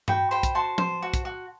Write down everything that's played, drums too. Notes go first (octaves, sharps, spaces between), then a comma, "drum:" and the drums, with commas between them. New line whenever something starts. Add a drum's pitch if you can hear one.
F#4 G5 B5, drum: tom G2
C5 G5 B5
drum: kick, hi-hat
F#4 A5 C6
C5, drum: tom
F#4
drum: kick, hi-hat
F#4